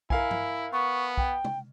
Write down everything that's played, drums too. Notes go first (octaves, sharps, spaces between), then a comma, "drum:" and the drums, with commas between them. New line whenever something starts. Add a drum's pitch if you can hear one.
E4 A#4 F5 G#5, drum: kick
drum: tom G2
B3 C#6
G5, drum: kick
drum: tom